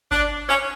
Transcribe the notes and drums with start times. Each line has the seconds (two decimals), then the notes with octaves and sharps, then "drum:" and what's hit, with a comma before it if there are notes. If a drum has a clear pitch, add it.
0.11 D4, drum: kick G1
0.48 C#4